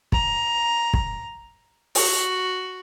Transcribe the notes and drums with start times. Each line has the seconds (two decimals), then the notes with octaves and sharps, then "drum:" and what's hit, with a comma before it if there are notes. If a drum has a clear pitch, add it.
0.12 A#5, drum: kick
0.94 drum: kick
1.95 F#4, drum: open hi-hat